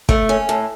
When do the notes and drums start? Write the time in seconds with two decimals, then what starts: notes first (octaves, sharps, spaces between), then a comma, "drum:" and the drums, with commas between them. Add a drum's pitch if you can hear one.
0.09 A3, drum: kick
0.29 C#4
0.49 A2